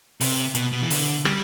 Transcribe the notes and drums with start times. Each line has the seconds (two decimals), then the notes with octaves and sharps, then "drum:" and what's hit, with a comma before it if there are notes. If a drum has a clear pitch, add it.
0.21 C3, drum: open hi-hat
0.55 B2, drum: hi-hat
0.72 B2
0.81 E3
0.90 D3, drum: open hi-hat
1.25 G3, drum: rim click